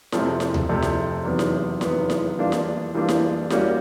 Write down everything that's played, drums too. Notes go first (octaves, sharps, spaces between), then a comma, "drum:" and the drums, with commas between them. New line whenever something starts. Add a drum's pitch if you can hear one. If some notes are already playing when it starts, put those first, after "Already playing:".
F2 C3 F3 A3, drum: snare E4
drum: snare E4
drum: tom D2
F2 C3 F3 A3
drum: snare E4
E2 C3 D#3 F#3 B3
drum: snare E4
E2 C3 D#3 F#3 B3, drum: snare E4
drum: snare E4
E3 G3 A#3 D4 F4
drum: snare E4
E3 G3 A#3 D4 F4
drum: snare E4
G3 A#3 C#4 F#4, drum: snare E4